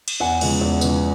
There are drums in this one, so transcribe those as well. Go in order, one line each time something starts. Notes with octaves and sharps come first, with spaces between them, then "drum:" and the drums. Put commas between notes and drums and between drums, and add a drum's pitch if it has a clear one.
drum: cymbal
E2 F#5 G#5
C#3 F3 G#3 B3, drum: cymbal
E2
C#3 F3 G#3 B3, drum: tambourine